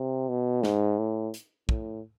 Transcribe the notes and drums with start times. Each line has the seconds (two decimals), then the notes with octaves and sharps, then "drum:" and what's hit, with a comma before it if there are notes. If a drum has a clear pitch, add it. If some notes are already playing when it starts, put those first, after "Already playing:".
Already playing: C3
0.29 B2
0.64 G#2, drum: snare
0.98 A2
1.34 drum: hi-hat
1.69 A2, drum: kick